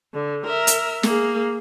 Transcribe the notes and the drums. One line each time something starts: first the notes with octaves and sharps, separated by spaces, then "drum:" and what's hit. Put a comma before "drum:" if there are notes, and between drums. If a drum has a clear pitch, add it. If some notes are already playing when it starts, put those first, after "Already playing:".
D3
A#4 E5
drum: hi-hat
A#3 G#4, drum: snare